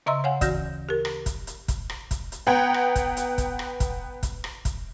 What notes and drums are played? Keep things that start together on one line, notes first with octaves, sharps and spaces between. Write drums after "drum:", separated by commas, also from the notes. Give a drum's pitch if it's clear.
C#3 D#5 E5 A#5 C6 E6
C#5 F5 F#5 G#5
D2 E3 F#4 G6 A#6, drum: kick, hi-hat
G4 A#4
drum: rim click
drum: kick, hi-hat
drum: hi-hat
drum: kick, hi-hat
drum: rim click
drum: kick, hi-hat
drum: hi-hat
B3 F#5 G5 A#5 G#6
drum: rim click
drum: kick, hi-hat
drum: hi-hat
drum: kick, hi-hat
drum: rim click
drum: kick, hi-hat
drum: kick, hi-hat
drum: rim click
drum: kick, hi-hat